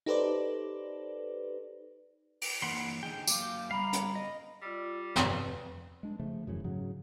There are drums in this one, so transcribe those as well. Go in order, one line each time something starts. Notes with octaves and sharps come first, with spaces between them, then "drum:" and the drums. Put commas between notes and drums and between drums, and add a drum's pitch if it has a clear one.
D#4 G4 A4 B4 C5 D5
drum: open hi-hat
E3 A#3 F#5 B5 C6
D3 D#4 G#4 G5
F#3 A#3 F5 D6, drum: tambourine
G3 B3 F5 A#5 B5
drum: hi-hat
D#5
G3 F4 D5 E6
F2 B4, drum: snare
G#3 D4
C#3 F3 A3
D1 F#2 C#3 E3
G#2 C#3 F#3